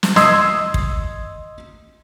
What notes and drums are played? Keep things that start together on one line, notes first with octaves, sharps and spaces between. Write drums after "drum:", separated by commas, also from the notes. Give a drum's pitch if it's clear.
drum: snare
D#5 C6 D#6 E6 G#6 C7, drum: snare
drum: kick